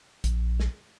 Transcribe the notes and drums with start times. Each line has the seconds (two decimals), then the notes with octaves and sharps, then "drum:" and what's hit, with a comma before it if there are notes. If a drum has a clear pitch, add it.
0.24 A#1, drum: kick B1, hi-hat
0.60 drum: snare